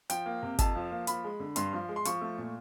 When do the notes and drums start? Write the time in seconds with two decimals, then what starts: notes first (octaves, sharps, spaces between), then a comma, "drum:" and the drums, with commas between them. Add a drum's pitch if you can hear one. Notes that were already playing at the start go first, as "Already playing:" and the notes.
0.10 F3 G5, drum: hi-hat
0.26 A#3
0.42 C3
0.59 F2 A5, drum: kick G1, hi-hat
0.75 F3
0.91 A#3
1.07 F3 B5, drum: hi-hat
1.24 G#3
1.40 D3
1.56 G2 C6, drum: hi-hat
1.73 F3
1.89 G#3
1.96 C6
2.05 F3 C#6, drum: hi-hat
2.21 A3
2.38 A#2